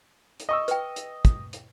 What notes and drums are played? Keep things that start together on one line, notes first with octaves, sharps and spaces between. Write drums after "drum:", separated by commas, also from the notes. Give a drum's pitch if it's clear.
drum: hi-hat
D#5 C#6 E6
B4 G5, drum: hi-hat
drum: hi-hat
drum: kick, hi-hat
drum: hi-hat